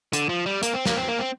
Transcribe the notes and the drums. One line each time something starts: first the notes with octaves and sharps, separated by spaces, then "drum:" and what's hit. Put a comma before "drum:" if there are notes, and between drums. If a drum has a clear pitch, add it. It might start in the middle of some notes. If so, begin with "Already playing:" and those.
D3, drum: hi-hat
F3
G3
A#3, drum: hi-hat
C4
A#3, drum: snare
C4
A#3
C4